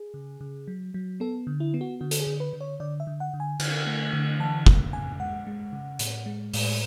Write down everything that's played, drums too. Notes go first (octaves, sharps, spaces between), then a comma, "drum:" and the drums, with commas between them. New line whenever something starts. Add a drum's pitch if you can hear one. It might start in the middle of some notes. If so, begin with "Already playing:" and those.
Already playing: G#4
C#3
C#3
F#3
F#3
B3 A4
D3
E4
B3
F#4
D3 F#4
A4, drum: hi-hat
G#4
D3
B4
D3
C#5
D3 D5
E5
D3
F#5
D3
G#5
D3, drum: cymbal
A3
D3
E3 A5
C#3, drum: kick
C#3 G#5
G#3 F#5
G#3
C#3
A2, drum: hi-hat
G#3
A2, drum: open hi-hat